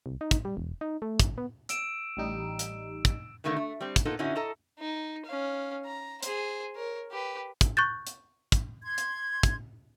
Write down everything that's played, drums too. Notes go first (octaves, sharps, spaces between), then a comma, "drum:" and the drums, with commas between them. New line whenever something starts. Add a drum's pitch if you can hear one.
C2
D#4
drum: kick, hi-hat
G3
E1
D#4
A3
G1, drum: kick, hi-hat
B3
E6 D7 E7, drum: hi-hat
A1 G3 D#4
drum: hi-hat
drum: kick, hi-hat
B2 D3 D#3 A3 A#3
A3
G3 C4
drum: kick, hi-hat
A#3 B3 D#4 F4 A4
D3 C#4 D#4 E4 F#4
A4 D#5 A5 A#5
D#4
C#4 F5
A#5
G#4 C5, drum: hi-hat
A#4 C#5
G4 B4
drum: kick, hi-hat
C#6 F#6 G6 A6
drum: hi-hat
drum: kick, hi-hat
C6 G#6
drum: hi-hat
drum: kick, hi-hat